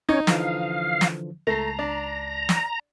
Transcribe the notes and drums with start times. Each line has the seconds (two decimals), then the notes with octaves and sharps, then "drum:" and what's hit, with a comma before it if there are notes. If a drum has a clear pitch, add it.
0.09 C#4 D#4 C#5
0.27 D3 E3 F3 F5, drum: snare
1.01 drum: snare
1.47 C#2 A3 A5 A#5 C7
1.79 D4
2.49 drum: snare